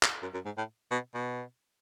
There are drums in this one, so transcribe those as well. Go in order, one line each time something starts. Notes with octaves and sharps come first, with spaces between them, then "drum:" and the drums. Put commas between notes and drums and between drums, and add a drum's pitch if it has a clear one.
drum: clap
F#2
F#2
G#2
A2
B2
B2